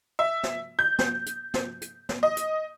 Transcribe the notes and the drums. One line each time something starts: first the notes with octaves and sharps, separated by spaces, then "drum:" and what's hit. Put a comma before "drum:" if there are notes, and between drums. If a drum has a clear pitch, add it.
E5
drum: snare
G6
drum: snare
drum: hi-hat
drum: snare
drum: hi-hat
drum: snare
D#5
drum: hi-hat